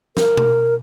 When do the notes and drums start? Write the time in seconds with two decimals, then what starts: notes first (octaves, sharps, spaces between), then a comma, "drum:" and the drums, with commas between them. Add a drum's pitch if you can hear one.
0.17 A#4, drum: snare
0.37 drum: tom B2